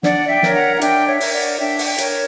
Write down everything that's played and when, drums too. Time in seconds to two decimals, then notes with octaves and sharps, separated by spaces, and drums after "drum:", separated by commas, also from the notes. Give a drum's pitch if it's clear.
0.03 D4 D5 F#5, drum: snare
0.29 E5 G5
0.43 A#4 C#5, drum: snare
0.55 F#5 A#5
0.76 F#5
0.81 D4 E5 G5, drum: hi-hat
1.07 C#5 E5
1.20 A#4 C#5, drum: open hi-hat
1.33 D5 F#5
1.59 D4 E5 G5
1.79 F#5, drum: open hi-hat
1.86 E5 G5
1.98 A#4 C#5, drum: hi-hat